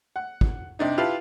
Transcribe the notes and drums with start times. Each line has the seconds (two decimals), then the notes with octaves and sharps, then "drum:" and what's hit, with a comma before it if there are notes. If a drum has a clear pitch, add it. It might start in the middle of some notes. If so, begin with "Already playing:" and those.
0.16 F#5
0.41 drum: kick
0.79 C3 D4 D#4
0.98 E4 F4 G4 B4 F5 A5